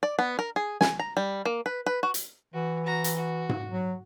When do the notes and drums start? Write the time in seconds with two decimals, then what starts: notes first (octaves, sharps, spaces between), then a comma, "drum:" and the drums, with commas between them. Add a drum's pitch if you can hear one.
0.03 D5
0.19 B3
0.39 A#4
0.56 G#4
0.81 G#5, drum: snare
0.99 A#5
1.17 G3
1.45 A#3
1.66 B4
1.86 B4
2.03 F#4
2.14 drum: hi-hat
2.54 E3 F#4
2.86 F#4 A#5
3.04 drum: hi-hat
3.16 F#4
3.49 drum: tom G#2
3.70 F#3